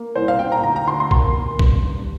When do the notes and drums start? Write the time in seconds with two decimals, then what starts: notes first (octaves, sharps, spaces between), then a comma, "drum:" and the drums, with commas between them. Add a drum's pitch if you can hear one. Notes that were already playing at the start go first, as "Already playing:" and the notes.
Already playing: A#3
0.15 C2 C5
0.28 F5
0.39 A#2 G5
0.52 A#5
0.63 D2 A#5
0.76 A#5
0.87 D2 C6
1.00 C6
1.11 A#3 C6, drum: kick
1.36 A#3
1.59 G2, drum: kick
1.84 G2